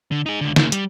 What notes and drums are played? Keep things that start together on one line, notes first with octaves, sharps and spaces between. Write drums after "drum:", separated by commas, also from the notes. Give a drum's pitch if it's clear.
D3
D#4 G#4
C#2 D3
C#3 A#3, drum: snare
G3, drum: hi-hat